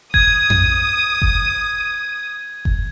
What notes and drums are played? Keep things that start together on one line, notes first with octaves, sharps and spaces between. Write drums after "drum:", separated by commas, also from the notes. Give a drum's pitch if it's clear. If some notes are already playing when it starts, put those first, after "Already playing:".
D#6 G#6, drum: kick F#1
drum: tom F2
drum: kick F#1
drum: kick F#1